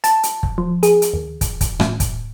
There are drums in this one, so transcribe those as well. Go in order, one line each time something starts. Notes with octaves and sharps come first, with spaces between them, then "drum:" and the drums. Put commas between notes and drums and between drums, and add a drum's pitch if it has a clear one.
A5, drum: hi-hat
drum: hi-hat
drum: kick
F3
G#4, drum: hi-hat
drum: hi-hat
D#2
drum: kick, hi-hat
drum: kick, hi-hat
A2, drum: rim click
drum: kick, hi-hat